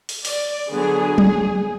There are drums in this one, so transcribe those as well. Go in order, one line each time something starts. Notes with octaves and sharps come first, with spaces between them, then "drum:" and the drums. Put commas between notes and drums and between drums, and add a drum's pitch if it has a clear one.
drum: open hi-hat
D5, drum: open hi-hat
D3 F#3 B3 D4 G#4
drum: tom F#3